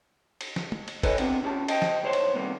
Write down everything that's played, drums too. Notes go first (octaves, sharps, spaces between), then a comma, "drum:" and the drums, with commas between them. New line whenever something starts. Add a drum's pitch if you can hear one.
drum: cymbal
drum: snare
drum: tom
drum: cymbal
A4 B4 C#5 D#5 E5 G#5, drum: kick, cymbal
B3 C4 D4 G4, drum: cymbal
A#2 C#4 G4 A5
C5 D#5 G5 A5, drum: cymbal
drum: snare
B1 G2 C5 C#5 A5 C6
drum: cymbal
D#2 C3 G3 A#3 B3